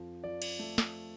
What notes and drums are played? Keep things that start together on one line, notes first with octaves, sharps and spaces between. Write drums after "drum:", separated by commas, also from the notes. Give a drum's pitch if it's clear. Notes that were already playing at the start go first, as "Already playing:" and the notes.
Already playing: F2 F3
F3 D5
drum: cymbal
A3
drum: snare